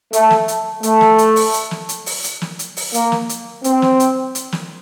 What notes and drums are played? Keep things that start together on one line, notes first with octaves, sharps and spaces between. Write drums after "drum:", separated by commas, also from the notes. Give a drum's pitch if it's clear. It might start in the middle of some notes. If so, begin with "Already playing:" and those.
A3, drum: hi-hat
drum: snare
drum: hi-hat
A3, drum: hi-hat
drum: snare
drum: hi-hat
drum: open hi-hat
drum: hi-hat
drum: snare
drum: hi-hat
drum: open hi-hat
drum: hi-hat
drum: snare
drum: hi-hat
drum: open hi-hat
A#3, drum: hi-hat
drum: snare
drum: hi-hat
C4, drum: hi-hat
drum: snare
drum: hi-hat
drum: hi-hat
drum: snare